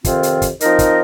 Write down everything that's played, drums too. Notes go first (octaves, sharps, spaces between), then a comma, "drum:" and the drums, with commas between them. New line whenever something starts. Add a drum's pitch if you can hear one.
F2 C3 D#3 C4 F4, drum: kick, hi-hat
drum: hi-hat
drum: kick, hi-hat
F3 C4 D#4 A#4 D#5, drum: hi-hat
drum: kick, hi-hat